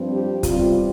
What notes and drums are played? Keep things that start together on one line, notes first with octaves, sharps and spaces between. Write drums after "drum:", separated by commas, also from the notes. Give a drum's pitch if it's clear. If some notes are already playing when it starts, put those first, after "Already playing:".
Already playing: G2 F3 C4
G4
E2 C3 G3 C4 F4, drum: kick, hi-hat